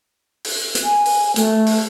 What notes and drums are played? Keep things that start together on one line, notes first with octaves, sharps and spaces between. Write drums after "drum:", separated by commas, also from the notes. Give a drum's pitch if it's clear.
drum: open hi-hat
drum: hi-hat
G#5
drum: open hi-hat
A3, drum: hi-hat
drum: open hi-hat